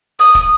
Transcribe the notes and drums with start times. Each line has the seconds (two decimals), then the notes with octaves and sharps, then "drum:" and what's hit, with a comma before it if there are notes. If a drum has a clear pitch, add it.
0.19 D#6, drum: open hi-hat
0.35 drum: kick, hi-hat